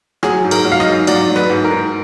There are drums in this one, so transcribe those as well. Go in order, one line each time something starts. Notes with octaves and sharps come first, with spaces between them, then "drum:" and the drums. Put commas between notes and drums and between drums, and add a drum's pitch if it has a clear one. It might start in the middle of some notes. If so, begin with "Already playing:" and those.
F#3 G#4, drum: rim click
G#2
A#4, drum: cymbal
F#3
F5
D#5, drum: rim click
G#2
F#3 D5, drum: cymbal
F#3
B4, drum: rim click
G#2
A#4
G#2